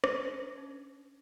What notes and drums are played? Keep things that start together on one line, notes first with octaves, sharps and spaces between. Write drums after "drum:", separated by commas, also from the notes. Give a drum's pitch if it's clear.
drum: rim click
C#4
D4
C#4